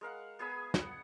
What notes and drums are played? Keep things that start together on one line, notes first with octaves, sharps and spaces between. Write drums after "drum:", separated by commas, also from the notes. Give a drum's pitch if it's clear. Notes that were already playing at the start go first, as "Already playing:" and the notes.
G#3 A#4 F5 F#5
B3 G#4 G#5 B5
F#5, drum: snare